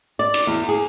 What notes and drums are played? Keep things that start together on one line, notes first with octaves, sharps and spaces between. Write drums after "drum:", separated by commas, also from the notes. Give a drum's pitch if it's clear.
D5
drum: cymbal
E2
G#4